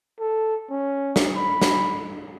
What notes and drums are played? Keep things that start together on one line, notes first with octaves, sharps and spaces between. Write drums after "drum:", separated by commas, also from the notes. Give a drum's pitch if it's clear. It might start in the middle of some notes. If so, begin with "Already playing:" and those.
A4
C#4
drum: snare
B5
drum: snare